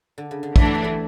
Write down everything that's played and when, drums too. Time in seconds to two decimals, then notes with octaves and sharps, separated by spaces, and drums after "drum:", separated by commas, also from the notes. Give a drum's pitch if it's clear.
0.18 D3
0.31 C#3
0.43 D3
0.56 E3 A3 D4, drum: kick
0.65 F#3
0.75 G3
0.84 A3